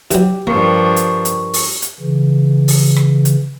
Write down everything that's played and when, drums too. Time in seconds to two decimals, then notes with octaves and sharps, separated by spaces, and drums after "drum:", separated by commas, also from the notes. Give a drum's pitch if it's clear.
0.11 E3 F#3 G4, drum: hi-hat
0.47 G2 F3 A#3 A#4 C#6
0.96 drum: hi-hat
1.25 drum: hi-hat
1.54 drum: open hi-hat
1.82 drum: hi-hat
2.00 C#3 E3
2.68 drum: open hi-hat
2.96 drum: rim click
3.25 drum: hi-hat